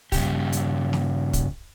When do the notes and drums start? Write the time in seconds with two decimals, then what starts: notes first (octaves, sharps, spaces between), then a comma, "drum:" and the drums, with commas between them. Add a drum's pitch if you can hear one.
0.12 G2 C#3 G4, drum: kick, open hi-hat
0.52 drum: hi-hat
0.93 drum: snare
1.33 drum: kick, hi-hat